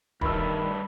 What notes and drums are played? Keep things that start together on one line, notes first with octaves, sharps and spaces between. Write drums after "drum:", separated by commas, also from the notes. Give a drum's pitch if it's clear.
G2 D#3 A3 B5 E6, drum: kick D#1